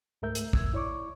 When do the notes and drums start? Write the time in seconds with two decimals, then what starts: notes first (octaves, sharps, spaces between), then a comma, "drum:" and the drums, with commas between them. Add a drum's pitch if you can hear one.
0.22 C#2 G#2 A3 A#4 E5 G6
0.35 drum: hi-hat
0.53 E6 G#6, drum: kick
0.74 E4 C#5 D5 C#6 D6